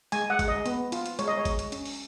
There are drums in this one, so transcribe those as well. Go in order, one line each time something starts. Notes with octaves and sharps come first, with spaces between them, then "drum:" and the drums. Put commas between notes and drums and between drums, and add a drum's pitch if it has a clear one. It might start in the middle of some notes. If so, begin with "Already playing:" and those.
G#3 G#5, drum: hi-hat
F#5
G#3, drum: kick, hi-hat
D#5
B3, drum: hi-hat
F4, drum: hi-hat
drum: hi-hat
G#3 C#5, drum: hi-hat
D#5
C#5
G#3, drum: kick, hi-hat
drum: hi-hat
C#4, drum: hi-hat
drum: open hi-hat